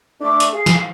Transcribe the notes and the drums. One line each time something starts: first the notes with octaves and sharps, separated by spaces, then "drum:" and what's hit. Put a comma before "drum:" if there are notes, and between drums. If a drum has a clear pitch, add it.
A3 D4 D6
drum: hi-hat
G#4 F5
drum: snare